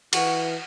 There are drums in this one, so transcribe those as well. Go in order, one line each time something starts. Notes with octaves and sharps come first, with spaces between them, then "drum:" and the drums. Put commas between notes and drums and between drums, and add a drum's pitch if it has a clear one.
E3 F#4, drum: cymbal